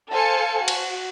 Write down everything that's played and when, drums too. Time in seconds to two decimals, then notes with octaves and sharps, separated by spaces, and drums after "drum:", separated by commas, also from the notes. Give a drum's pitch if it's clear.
0.11 A4 C5 F5 G#5 A5 C#7
0.68 F#4, drum: cymbal